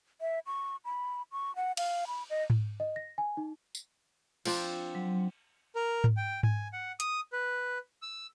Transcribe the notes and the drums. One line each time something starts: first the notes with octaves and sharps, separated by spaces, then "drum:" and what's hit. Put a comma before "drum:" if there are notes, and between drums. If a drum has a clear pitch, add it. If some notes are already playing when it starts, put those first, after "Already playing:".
E5
C#6
B5
C#6
F#5
F5, drum: cymbal
B5
D#5
drum: tom G#2
D#5
A#6
G#5
D#4
drum: tambourine
F3 C4 D4, drum: cymbal
F#3
A#4
drum: tom G#2
G5
G#5, drum: tom G#2
F#5
D#6, drum: hi-hat
B4
E6